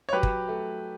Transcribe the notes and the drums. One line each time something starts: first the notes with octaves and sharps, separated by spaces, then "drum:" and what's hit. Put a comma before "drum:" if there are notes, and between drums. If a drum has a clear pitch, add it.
C#5
F#3 G4 B4
drum: kick
A3